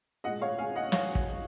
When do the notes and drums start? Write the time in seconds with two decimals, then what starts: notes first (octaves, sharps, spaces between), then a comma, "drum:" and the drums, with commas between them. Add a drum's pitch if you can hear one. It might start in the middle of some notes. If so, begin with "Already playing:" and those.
0.24 A#2 G#3 D#5 F#5
0.41 C#5 F5
0.59 F5 G#5
0.76 D#5 F#5
0.92 C#5 F5, drum: snare
1.15 drum: kick